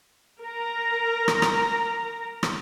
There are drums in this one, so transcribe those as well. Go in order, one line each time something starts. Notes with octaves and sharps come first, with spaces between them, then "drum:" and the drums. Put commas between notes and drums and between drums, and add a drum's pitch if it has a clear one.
A#4 A#5
drum: rim click
drum: rim click
drum: rim click